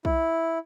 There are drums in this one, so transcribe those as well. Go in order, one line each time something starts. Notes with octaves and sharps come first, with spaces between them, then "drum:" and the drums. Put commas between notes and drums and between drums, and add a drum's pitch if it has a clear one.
E4, drum: kick B1